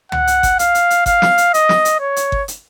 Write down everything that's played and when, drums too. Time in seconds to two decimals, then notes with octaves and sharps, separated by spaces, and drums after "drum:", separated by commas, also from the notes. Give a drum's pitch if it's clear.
0.12 F#5, drum: tom
0.27 drum: hi-hat
0.43 drum: kick G1, hi-hat
0.59 F5, drum: hi-hat
0.75 drum: hi-hat
0.90 drum: hi-hat
1.06 F5, drum: kick G1, hi-hat
1.22 drum: snare
1.38 drum: hi-hat
1.54 D#5, drum: hi-hat
1.69 drum: snare
1.85 drum: hi-hat
2.00 C#5
2.16 drum: hi-hat
2.32 drum: kick G1
2.48 drum: hi-hat